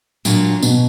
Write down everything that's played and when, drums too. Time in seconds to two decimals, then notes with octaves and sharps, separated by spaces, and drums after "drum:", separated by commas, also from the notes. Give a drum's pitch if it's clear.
0.25 A#2 F#3 D4 F4, drum: tambourine
0.62 B2, drum: tambourine